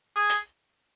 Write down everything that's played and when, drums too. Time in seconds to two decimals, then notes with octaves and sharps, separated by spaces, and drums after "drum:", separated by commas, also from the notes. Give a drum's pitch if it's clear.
0.16 G#4
0.30 drum: hi-hat